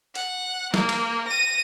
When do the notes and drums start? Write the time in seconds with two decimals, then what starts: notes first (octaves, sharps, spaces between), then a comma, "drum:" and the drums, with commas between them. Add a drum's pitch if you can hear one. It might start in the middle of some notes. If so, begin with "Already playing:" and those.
0.15 F#5, drum: hi-hat
0.74 A#3, drum: snare
0.89 drum: cymbal
1.28 A#6 D#7